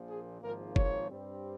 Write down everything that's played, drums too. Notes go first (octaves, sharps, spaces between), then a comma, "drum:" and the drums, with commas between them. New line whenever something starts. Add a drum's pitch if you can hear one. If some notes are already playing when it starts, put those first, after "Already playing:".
Already playing: A#1 A#2 F3
G#4
G#1 G#2 F3 A#3 A#4
C#5, drum: kick
G2 G3 C4